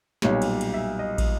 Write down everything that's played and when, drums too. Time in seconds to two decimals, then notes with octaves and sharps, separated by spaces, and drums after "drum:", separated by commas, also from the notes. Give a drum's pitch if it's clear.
0.22 B1 A#2 G3 C#5, drum: snare
0.42 drum: cymbal
0.61 drum: cymbal
0.74 E5
0.99 D#5
1.18 drum: kick, cymbal